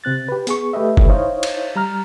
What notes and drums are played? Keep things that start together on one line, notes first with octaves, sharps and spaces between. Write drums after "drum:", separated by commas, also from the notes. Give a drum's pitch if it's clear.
C3 C4 F#6 A6
G4 B4
B3 G#4 C#6, drum: hi-hat
A3 G4 A4 B4 D#5 E5
drum: kick
D#4 E4 C5 C#5 D#5 F5
drum: cymbal
G3 A#5 F6